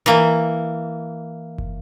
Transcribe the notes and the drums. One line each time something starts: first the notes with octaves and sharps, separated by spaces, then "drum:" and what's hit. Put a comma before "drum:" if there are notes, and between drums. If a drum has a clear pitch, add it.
E3 A#3, drum: hi-hat
drum: kick F#1